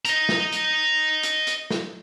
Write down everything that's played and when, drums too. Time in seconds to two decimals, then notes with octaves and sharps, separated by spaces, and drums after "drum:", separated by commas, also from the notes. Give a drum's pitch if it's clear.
0.05 D#5 A#5, drum: hi-hat
0.29 drum: snare
0.52 drum: hi-hat
1.23 drum: hi-hat
1.47 drum: hi-hat
1.70 drum: snare